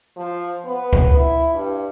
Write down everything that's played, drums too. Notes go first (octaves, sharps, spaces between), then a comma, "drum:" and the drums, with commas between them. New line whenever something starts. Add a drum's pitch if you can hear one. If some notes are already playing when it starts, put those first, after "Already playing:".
F3
B3
drum: kick C#2
E4
G2